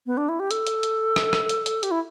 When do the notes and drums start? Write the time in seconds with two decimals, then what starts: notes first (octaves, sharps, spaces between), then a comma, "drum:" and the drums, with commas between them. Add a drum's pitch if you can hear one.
0.06 B3
0.17 D4
0.29 E4
0.40 G4
0.51 A4, drum: hi-hat
0.67 drum: hi-hat
0.83 drum: hi-hat
1.16 drum: rim click
1.33 drum: rim click
1.49 drum: hi-hat
1.66 drum: hi-hat
1.83 G4, drum: hi-hat
1.91 E4